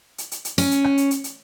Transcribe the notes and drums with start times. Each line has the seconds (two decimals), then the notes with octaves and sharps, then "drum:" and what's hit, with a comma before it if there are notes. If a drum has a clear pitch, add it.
0.18 drum: hi-hat
0.32 drum: hi-hat
0.45 drum: hi-hat
0.58 C#4, drum: open hi-hat
0.71 drum: hi-hat
0.84 drum: rim click
0.98 drum: hi-hat
1.11 drum: hi-hat
1.24 drum: hi-hat